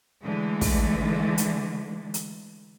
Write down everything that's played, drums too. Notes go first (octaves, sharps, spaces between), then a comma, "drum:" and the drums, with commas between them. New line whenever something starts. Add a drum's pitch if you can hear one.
D3 E3 G#3 A3
drum: kick, open hi-hat
drum: hi-hat
drum: hi-hat